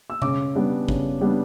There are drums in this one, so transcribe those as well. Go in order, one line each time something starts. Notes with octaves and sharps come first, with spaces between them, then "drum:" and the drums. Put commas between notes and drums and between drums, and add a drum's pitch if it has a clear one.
E6
C#3 D6, drum: tom B2
G3 B3 D4
C#3, drum: kick
G3 B3 D4